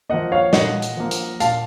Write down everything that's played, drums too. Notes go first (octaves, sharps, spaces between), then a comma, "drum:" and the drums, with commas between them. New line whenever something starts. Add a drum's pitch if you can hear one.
F3 A#3 D#5 F#5
C#5 F5
A#2 D#5 F#5, drum: snare
drum: hi-hat
F3 A#3
drum: hi-hat
A#2 F5 A5, drum: hi-hat